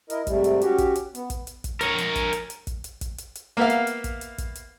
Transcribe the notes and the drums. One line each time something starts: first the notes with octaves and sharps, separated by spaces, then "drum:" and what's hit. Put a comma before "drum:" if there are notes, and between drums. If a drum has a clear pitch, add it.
E4 A#4 D#5, drum: hi-hat
G#2 C3 G3 A3, drum: kick, hi-hat
drum: hi-hat
C#4 F#4 G4, drum: hi-hat
drum: kick, hi-hat
drum: hi-hat
B3, drum: hi-hat
drum: kick, hi-hat
drum: hi-hat
drum: kick, hi-hat
A#4 C#5, drum: hi-hat
drum: hi-hat
drum: kick, hi-hat
drum: hi-hat
drum: hi-hat
drum: kick, hi-hat
drum: hi-hat
drum: kick, hi-hat
drum: hi-hat
drum: hi-hat
A#3 B3 E5 F5
drum: hi-hat
drum: hi-hat
drum: kick, hi-hat
drum: hi-hat
drum: kick, hi-hat
drum: hi-hat